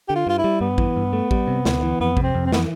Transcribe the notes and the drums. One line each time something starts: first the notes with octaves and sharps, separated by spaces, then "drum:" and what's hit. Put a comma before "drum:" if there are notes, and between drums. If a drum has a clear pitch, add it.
D3 G4
F4
G2 F4
E4
G3
G2 B3
E3, drum: kick A1
G2
A3
G3, drum: kick A1
C3
D2, drum: snare
E3
F2 B3
C3, drum: kick A1
C4
F2
C4
E3 B3, drum: snare